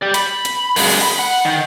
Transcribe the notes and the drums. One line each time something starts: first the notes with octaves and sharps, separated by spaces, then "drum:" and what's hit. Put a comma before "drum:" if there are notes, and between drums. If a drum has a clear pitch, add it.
G4 D5
B5, drum: hi-hat
drum: hi-hat
F#2 G#3, drum: open hi-hat
B5
F#5
D#3